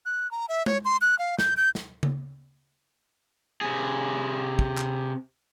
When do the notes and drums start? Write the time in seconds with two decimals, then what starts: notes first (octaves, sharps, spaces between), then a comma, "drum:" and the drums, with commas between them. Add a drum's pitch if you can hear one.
0.06 F#6
0.31 A#5
0.49 E5
0.66 C#5, drum: tom G#3
0.85 C6
1.01 F#6
1.19 F5
1.39 G6, drum: snare
1.57 G6
1.75 drum: snare
2.03 drum: tom C#3
3.61 C3 G#4
4.59 drum: kick
4.78 drum: clap